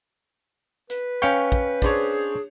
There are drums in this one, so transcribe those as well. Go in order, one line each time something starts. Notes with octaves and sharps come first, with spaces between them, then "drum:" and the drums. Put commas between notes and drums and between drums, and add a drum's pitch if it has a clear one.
B4, drum: hi-hat
C#4 F5 G5 C#6 G6 C#7
drum: kick
D4 G#4 C5 C#5, drum: kick